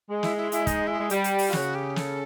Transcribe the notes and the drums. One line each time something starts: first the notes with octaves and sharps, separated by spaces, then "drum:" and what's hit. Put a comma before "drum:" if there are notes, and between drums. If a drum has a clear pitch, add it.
G#3
E4, drum: snare
E4
E4, drum: hi-hat
D#4, drum: kick, hi-hat
E4
G#3
G3, drum: hi-hat
drum: hi-hat
drum: open hi-hat
F4
C#3 F#4, drum: snare
G4
A4, drum: snare